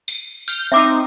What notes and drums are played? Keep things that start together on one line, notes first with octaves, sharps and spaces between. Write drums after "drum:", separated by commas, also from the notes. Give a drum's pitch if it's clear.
drum: tambourine
F6 G6, drum: tambourine
C4 D#4 E5 D6 E6